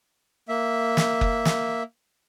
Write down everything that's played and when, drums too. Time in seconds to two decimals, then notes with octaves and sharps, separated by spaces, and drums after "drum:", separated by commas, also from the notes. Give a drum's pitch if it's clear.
0.49 A#3 E5
0.97 drum: snare
1.21 drum: kick F#1
1.45 drum: snare